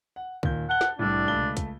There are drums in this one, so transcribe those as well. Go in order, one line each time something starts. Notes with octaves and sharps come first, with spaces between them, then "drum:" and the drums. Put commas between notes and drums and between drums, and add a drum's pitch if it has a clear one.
F#5
D#2 A#2 G6, drum: kick
F#5 A5 G7
drum: snare
C2 A2 D4
C#2 A3 G7
drum: tom B2
drum: kick, hi-hat